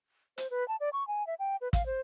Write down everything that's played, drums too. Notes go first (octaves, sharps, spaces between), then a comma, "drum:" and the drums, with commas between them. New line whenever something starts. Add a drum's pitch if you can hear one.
C5, drum: hi-hat
B4
A5
D5
C#6
G#5
E5
G5
B4
F5, drum: kick, hi-hat
C5